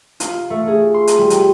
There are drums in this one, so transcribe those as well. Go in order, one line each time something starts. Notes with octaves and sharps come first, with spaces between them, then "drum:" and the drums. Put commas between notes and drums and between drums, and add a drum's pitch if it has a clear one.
F4, drum: hi-hat
A3
G#4
C6
drum: hi-hat
G3
G5, drum: hi-hat